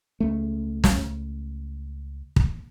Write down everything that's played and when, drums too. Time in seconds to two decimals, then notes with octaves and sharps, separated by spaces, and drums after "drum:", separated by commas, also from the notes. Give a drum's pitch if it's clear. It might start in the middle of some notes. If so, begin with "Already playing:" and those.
0.20 C#2 A3
0.84 drum: snare
2.36 drum: kick